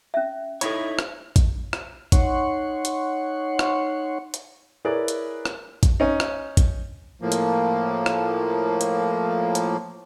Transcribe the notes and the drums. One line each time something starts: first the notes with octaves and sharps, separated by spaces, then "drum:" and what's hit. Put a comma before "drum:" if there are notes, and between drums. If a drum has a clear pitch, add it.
C#4 E5
D#4 E4 A4 C#5 B5, drum: hi-hat
drum: rim click
drum: kick A1, hi-hat
drum: rim click
D#4 C#5 F#5 C6 C#6, drum: kick A1, hi-hat
drum: hi-hat
drum: rim click
drum: hi-hat
E4 G#4 A#4 B4 C#5 D5
drum: hi-hat
drum: rim click
drum: kick A1, hi-hat
C#4 D#4
drum: rim click
drum: kick A1, hi-hat
A2 F3 A#3
drum: hi-hat
drum: rim click
drum: hi-hat
drum: hi-hat